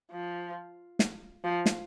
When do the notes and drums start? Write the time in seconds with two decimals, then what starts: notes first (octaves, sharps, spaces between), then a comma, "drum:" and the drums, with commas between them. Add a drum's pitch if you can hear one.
0.11 F3
0.99 drum: snare
1.44 F3
1.66 drum: snare